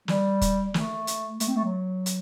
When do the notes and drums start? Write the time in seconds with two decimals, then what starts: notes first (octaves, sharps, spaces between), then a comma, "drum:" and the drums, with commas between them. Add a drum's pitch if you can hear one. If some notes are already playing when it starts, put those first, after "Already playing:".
0.08 G3, drum: snare
0.41 drum: kick, hi-hat
0.74 A3, drum: snare
1.07 drum: hi-hat
1.40 A3, drum: hi-hat
1.48 C4
1.57 A3
1.64 F#3
2.06 drum: hi-hat